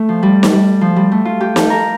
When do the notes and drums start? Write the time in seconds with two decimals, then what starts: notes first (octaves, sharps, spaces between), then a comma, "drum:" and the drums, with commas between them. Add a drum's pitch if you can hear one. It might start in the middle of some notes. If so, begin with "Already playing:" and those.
Already playing: A3
0.09 F3
0.23 G3
0.43 drum: snare
0.53 G3
0.81 F3
0.96 G3
1.12 A3
1.25 F4
1.40 G4
1.56 A4, drum: snare
1.70 A#4